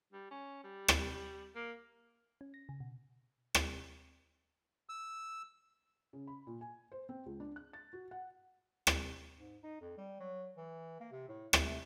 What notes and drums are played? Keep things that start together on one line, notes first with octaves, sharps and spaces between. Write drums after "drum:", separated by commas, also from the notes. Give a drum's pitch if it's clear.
G3
C#4
G3
drum: rim click
A#3
C#4
A#6
C#3
B2
drum: rim click
E6
C#3
B5
A#2
G#5
C5
C4
C#2
D4
F#6
A6
F#4
F#5
drum: rim click
G#2
D#4
F2
G3
F#3
E3
A#3
C3
A2
A3, drum: rim click
A3